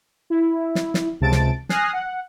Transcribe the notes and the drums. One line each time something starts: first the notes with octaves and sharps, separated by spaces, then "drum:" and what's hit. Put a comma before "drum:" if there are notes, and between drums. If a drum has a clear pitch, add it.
E4
drum: snare
drum: snare
C#2 C3 A5 A6 D7
drum: snare
G#5 D#6 F6 F#6 A#6 C7, drum: snare
F#5